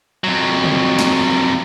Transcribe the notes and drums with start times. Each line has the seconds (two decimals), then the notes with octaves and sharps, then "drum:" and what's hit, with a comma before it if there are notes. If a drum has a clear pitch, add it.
0.24 F2 F#3
0.64 drum: tom
0.99 drum: snare